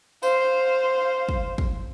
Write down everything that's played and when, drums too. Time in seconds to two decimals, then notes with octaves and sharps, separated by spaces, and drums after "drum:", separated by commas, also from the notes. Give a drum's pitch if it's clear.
0.23 C5 F5, drum: tambourine
1.29 drum: kick
1.58 drum: kick